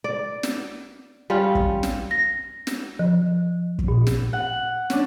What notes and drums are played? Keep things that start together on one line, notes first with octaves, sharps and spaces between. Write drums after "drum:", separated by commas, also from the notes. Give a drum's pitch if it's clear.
D5
drum: snare
G3 C#4 F4
drum: kick
drum: snare
A#6
drum: snare
F3
drum: kick
A#2
drum: snare
F#5
C#4 D4, drum: snare